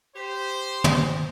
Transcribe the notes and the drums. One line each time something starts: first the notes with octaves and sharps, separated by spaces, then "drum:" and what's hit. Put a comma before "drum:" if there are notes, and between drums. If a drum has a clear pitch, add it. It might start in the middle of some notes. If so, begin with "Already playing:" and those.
G4 C5
drum: tom